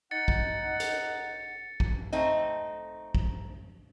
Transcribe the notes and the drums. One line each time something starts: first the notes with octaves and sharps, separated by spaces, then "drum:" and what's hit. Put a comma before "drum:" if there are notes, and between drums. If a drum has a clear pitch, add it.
D#4 F#5 A6 C#7
drum: kick A#1
drum: hi-hat
drum: kick A#1
A3 C4 D#4
drum: kick A#1